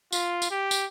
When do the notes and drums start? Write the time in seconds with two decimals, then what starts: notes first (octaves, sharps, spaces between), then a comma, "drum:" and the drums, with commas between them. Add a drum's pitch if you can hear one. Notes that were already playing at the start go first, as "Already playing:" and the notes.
0.12 F4, drum: tambourine
0.42 drum: tambourine
0.51 G4
0.71 drum: tambourine